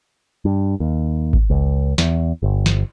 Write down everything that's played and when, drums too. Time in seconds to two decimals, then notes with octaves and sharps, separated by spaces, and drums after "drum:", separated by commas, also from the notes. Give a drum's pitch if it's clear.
0.45 G2
0.80 D#2
1.33 drum: kick G#1
1.50 C#2
1.98 E2, drum: snare
2.42 G1
2.66 drum: snare